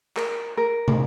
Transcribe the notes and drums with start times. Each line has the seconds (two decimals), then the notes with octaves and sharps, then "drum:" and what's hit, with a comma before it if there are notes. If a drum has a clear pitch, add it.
0.17 A#4, drum: clap
0.57 A#4
0.88 drum: tom